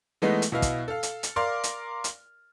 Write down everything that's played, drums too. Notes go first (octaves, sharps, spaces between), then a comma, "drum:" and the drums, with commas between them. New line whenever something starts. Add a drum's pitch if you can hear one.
E3 G#3 A3 B3 D#4
drum: hi-hat
B2 E4 D#5 F5
drum: kick, hi-hat
A4 F5
drum: hi-hat
drum: hi-hat
A#4 D5 F5 C6 D6 F6
drum: hi-hat
drum: hi-hat